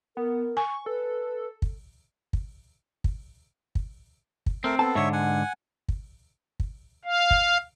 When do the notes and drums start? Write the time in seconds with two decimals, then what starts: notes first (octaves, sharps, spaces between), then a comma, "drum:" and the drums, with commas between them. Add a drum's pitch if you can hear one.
0.17 B3 A#4
0.57 G#5 C#6
0.86 A4 B4
1.62 drum: kick
2.33 drum: kick
3.04 drum: kick
3.75 drum: kick
4.46 drum: kick
4.64 A3 C4 A#4
4.79 B3 A4 A5
4.95 G#2 D3 C#5 E5
5.13 F#5 G#5
5.89 drum: kick
6.60 drum: kick
7.05 F5
7.31 drum: kick